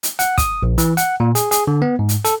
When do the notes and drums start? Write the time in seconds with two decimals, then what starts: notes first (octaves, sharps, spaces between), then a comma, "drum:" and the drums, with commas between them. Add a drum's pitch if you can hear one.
0.03 drum: hi-hat
0.19 F#5, drum: hi-hat
0.38 D#6, drum: kick, hi-hat
0.62 A#1
0.78 E3, drum: hi-hat
0.97 F#5, drum: hi-hat
1.20 A#2
1.35 G#4, drum: hi-hat
1.51 G#4, drum: hi-hat
1.67 D3
1.82 B3
1.99 G#2
2.09 drum: hi-hat
2.25 A4, drum: hi-hat